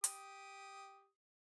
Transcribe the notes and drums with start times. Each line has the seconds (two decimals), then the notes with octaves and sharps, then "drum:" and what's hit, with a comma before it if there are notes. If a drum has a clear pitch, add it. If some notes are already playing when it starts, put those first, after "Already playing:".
0.04 G4 D#6, drum: hi-hat